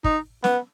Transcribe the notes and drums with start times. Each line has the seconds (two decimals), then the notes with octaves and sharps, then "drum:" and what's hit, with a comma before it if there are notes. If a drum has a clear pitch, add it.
0.04 D#4, drum: kick
0.44 B3, drum: snare